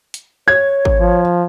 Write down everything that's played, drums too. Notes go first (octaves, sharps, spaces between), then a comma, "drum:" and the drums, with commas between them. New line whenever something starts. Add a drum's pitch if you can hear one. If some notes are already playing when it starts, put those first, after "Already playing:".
drum: hi-hat
C#5 G#6
drum: kick G#1
F3